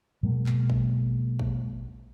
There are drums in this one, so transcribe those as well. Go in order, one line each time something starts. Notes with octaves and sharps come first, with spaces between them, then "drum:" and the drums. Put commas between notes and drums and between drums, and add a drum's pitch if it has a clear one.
B2 F#3 G#3 A#3
drum: clap
drum: kick
drum: kick